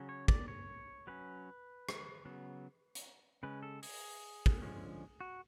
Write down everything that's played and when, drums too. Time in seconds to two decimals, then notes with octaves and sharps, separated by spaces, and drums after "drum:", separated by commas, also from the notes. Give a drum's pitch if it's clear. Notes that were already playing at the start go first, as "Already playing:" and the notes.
Already playing: C#3 F#3 C#4
0.09 C#5
0.28 D5, drum: kick
0.48 C#5
1.07 F#3 C#4 B4
1.89 drum: rim click
2.25 C#3 F#3 B3
2.95 drum: hi-hat
3.43 C#3 G#3 C#4 B4
3.63 A4
3.83 G#4, drum: open hi-hat
4.46 drum: kick
4.62 D3 F3 G#3 C#4
5.21 F#4